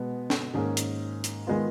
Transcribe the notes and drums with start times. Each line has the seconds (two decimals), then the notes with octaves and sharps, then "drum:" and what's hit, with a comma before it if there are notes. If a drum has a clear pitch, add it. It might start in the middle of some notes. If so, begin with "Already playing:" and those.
Already playing: B2 G#3 B3
0.30 drum: snare
0.54 G#2 D#3 A#3 C#4 G#4
0.77 drum: hi-hat
1.24 drum: hi-hat
1.47 D#3 G#3 B3 F4